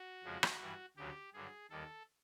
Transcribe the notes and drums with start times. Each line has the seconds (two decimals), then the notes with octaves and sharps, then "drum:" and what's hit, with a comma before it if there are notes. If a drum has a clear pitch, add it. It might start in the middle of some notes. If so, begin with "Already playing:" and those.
Already playing: F#4
0.24 F2 C#3 F3 G#3
0.43 drum: rim click
0.61 G2 E3 G3
0.97 D2 C#3 F#3 G4
1.33 G2 D3 F#3 G#4
1.70 D#2 D#3 G3 A4